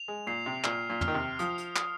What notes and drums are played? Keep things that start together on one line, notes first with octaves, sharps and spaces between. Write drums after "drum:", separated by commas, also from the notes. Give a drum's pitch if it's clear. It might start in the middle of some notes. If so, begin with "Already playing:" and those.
Already playing: F7
G#3
A#2 C7
C3
A#2 F6, drum: clap
A#2
F6, drum: tom
D#3
C3
F3 D#6, drum: hi-hat
drum: hi-hat
D#6, drum: clap